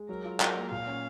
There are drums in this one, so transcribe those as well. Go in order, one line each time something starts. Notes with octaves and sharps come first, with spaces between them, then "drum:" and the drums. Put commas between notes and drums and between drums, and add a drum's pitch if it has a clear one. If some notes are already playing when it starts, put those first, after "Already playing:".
Already playing: G#3
F#3 A#4
F4
F#3 A#4, drum: clap
A#3
A#2 F5
C#4